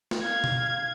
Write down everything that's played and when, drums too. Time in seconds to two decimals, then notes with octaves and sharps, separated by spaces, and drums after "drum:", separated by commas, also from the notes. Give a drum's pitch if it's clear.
0.11 drum: snare
0.22 F5 G#6
0.44 drum: tom B2